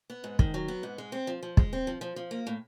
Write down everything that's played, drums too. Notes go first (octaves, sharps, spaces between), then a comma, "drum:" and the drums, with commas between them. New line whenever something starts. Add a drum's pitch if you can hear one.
B3
G#2
D#3, drum: kick
F#3
B3
G#2
G#3
C4
F3
F3
G#3, drum: kick
C4
F3
F3
F3
A#3
A2